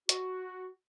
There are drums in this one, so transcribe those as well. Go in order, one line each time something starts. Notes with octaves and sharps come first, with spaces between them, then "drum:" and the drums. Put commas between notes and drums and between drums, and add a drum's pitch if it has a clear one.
F#4, drum: hi-hat